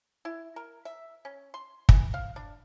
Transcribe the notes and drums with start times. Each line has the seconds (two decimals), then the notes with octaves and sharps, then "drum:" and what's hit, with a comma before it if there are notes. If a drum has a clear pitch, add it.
0.25 E4
0.56 A#4
0.85 E5
1.25 C#4
1.54 C6
1.89 E3, drum: kick
2.14 F5
2.36 D4